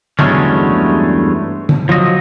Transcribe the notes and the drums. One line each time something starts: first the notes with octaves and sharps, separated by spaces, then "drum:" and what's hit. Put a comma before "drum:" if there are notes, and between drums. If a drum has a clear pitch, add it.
E2 G2 F#3 G#3 A3 C#4, drum: tom
drum: tom
F3 F#3 D#5